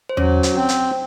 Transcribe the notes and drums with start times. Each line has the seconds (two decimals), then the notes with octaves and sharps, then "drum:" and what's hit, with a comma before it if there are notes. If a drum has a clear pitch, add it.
0.09 C5
0.17 F#3 C#4 C#5, drum: tom E2
0.43 drum: hi-hat
0.55 C4
0.69 drum: hi-hat